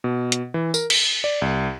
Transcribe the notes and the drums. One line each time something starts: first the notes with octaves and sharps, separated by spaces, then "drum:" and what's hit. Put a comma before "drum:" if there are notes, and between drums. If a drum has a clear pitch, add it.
B2
drum: hi-hat
E3
A#4, drum: tambourine
B6, drum: cymbal
D5
C2